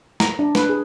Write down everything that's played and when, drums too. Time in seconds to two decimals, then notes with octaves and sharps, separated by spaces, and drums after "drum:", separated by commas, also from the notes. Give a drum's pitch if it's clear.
0.20 A#5, drum: snare
0.39 D4
0.55 B4, drum: snare
0.69 G#4